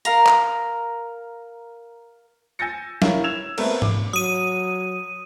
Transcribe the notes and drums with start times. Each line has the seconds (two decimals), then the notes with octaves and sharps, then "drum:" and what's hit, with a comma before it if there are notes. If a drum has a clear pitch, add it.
0.05 A#4 F5 A#5, drum: hi-hat
0.26 drum: clap
2.59 G#5 E6 G6 A6 A#6 C#7
3.02 E4 A#4 C#5 E5 F5, drum: snare
3.24 E6 G#6 E7 F7
3.58 A3 B3 C4 A#4, drum: cymbal
3.82 D6, drum: tom G#2
4.13 F#3 D#6 D#7